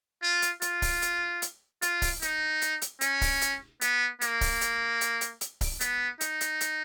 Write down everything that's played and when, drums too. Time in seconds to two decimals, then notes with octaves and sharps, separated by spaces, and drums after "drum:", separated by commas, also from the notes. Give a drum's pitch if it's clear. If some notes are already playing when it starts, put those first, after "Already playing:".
0.23 F4
0.42 drum: hi-hat
0.62 F4, drum: hi-hat
0.82 drum: kick C#1, open hi-hat
1.02 drum: hi-hat
1.42 drum: hi-hat
1.82 F4, drum: hi-hat
2.02 drum: kick C#1, open hi-hat
2.22 D#4, drum: hi-hat
2.62 drum: hi-hat
2.82 drum: hi-hat
3.01 C#4, drum: hi-hat
3.21 drum: kick C#1, open hi-hat
3.41 drum: hi-hat
3.81 B3, drum: hi-hat
4.21 A#3, drum: hi-hat
4.41 drum: kick C#1, open hi-hat
4.61 drum: hi-hat
5.01 drum: hi-hat
5.21 drum: hi-hat
5.41 drum: hi-hat
5.61 drum: kick C#1, open hi-hat
5.80 B3, drum: hi-hat
6.21 D#4, drum: hi-hat
6.41 drum: hi-hat
6.61 drum: hi-hat